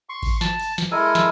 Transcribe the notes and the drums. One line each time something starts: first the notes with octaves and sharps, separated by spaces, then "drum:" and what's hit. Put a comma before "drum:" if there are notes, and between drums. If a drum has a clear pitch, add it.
C6 C#6
drum: kick G#1, cymbal
A5, drum: snare
drum: cymbal
drum: snare
G#3 E4 A4 A#4 G#5
drum: snare